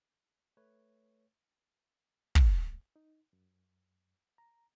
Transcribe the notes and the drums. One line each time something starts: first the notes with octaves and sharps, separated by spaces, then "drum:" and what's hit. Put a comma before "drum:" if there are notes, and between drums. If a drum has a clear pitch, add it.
A3 B4 C#5
A3, drum: kick
D#4
F#2
A#5